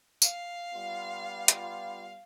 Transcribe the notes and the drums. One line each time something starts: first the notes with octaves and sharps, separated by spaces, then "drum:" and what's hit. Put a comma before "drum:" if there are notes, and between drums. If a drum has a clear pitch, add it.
F5, drum: tambourine
G3 B3 F4
drum: hi-hat